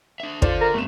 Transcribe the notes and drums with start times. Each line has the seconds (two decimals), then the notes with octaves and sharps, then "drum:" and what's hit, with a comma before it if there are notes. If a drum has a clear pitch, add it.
0.20 D4 E5
0.42 D3 F4 A4 C5 D5, drum: kick
0.61 A#4
0.74 G1 A3 C4 E7